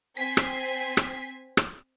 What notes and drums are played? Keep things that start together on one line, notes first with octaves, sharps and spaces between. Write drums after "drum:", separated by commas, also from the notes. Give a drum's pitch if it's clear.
C4 G#5 B6 C7
drum: rim click
drum: rim click
drum: rim click